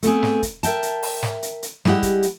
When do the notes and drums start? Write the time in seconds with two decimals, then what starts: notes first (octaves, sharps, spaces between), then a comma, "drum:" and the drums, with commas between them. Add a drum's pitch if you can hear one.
0.03 A3 B3 C4 G#4, drum: hi-hat
0.23 drum: snare
0.43 drum: kick, hi-hat
0.63 A#4 E5 G5 A5, drum: hi-hat
0.83 drum: hi-hat
1.03 drum: open hi-hat
1.23 drum: snare
1.43 drum: hi-hat
1.63 drum: hi-hat
1.85 G3 G#3 E4 G4 F#5, drum: snare
2.02 drum: kick, hi-hat
2.22 drum: hi-hat